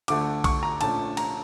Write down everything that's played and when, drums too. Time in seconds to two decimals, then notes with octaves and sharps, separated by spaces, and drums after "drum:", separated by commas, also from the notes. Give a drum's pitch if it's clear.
0.08 D2 D3 A3 D6, drum: cymbal
0.44 C#6, drum: kick A#1, cymbal
0.63 A#5
0.81 A#1 A#2 A3 C#4 A5, drum: cymbal
1.17 A#5, drum: cymbal